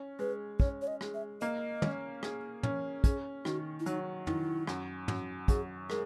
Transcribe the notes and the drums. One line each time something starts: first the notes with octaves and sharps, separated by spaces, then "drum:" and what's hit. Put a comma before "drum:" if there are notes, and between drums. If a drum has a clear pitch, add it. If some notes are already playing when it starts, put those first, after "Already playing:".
Already playing: C#4
G#3 B4
C#4 C#5, drum: kick
C#5
D#5
G#3, drum: rim click
E5
A#3 D#5, drum: hi-hat
C#4, drum: tom
G#4, drum: rim click
C#4, drum: tom
C#4 G#4, drum: kick, hi-hat
D#3 F#4, drum: rim click
E4
F#3 D#4, drum: hi-hat
D#3 E4, drum: tom
F#2, drum: rim click
F#2, drum: tom
F#2 G#4, drum: kick, hi-hat
G#3 A#4, drum: rim click